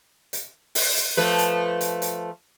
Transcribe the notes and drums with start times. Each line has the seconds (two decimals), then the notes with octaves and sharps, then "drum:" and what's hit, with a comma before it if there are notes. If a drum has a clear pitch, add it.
0.33 drum: hi-hat
0.75 drum: open hi-hat
0.96 drum: hi-hat
1.17 F3 A3 B4
1.38 drum: hi-hat
1.81 drum: hi-hat
2.02 drum: hi-hat